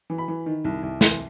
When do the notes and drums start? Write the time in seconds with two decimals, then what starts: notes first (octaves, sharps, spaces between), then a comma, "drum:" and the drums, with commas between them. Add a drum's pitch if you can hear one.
0.10 E3
0.18 B5
0.28 E3
0.46 D#3
0.64 C2
0.83 C2
1.01 E3 C6, drum: snare